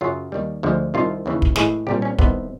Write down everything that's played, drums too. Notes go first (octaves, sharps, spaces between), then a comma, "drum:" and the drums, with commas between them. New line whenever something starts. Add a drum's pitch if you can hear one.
F#2 C#3 F#3 F4
D#2 D#3 G3
D2 D3 F3 G#3
C2 C3 D#3 F4
D#2 C#3 E3
drum: kick
A2 E3 G#3 G#4, drum: snare
C2 A#2 G3 G4
C#4
C2 C3 D#3 B3, drum: kick